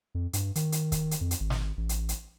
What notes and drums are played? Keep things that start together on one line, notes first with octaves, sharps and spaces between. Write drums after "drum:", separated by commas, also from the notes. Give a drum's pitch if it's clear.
F2
G2, drum: hi-hat
D#3, drum: hi-hat
drum: hi-hat
drum: kick C#1, hi-hat
drum: hi-hat
F2
drum: hi-hat
G#1
drum: snare
A1
drum: hi-hat
drum: hi-hat